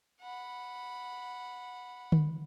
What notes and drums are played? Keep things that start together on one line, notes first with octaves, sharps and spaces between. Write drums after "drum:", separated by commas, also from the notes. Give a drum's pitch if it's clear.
F#5 B5
drum: tom D3